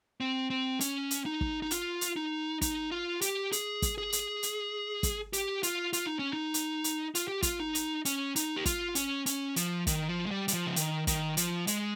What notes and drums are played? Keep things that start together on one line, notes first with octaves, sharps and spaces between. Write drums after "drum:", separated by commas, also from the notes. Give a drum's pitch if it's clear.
C4
C4
C#4, drum: hi-hat
drum: hi-hat
D#4
drum: kick
D#4
F4, drum: hi-hat
drum: hi-hat
D#4
D#4, drum: kick, hi-hat
F4
G4, drum: hi-hat
G#4, drum: hi-hat
drum: kick, hi-hat
G#4
drum: hi-hat
drum: hi-hat
drum: kick, hi-hat
G4, drum: hi-hat
F4, drum: hi-hat
F4, drum: hi-hat
D#4
C#4
D#4
drum: hi-hat
drum: hi-hat
F4, drum: hi-hat
G4
F4, drum: kick, hi-hat
D#4
drum: hi-hat
C#4, drum: hi-hat
D#4, drum: hi-hat
G4
F4, drum: kick, hi-hat
C#4, drum: hi-hat
C#4, drum: hi-hat
F3, drum: hi-hat
D#3, drum: kick, hi-hat
F3
G#3
G3
G3, drum: hi-hat
F3
C#3
D#3, drum: hi-hat
D#3, drum: kick, hi-hat
F3, drum: hi-hat
G#3, drum: hi-hat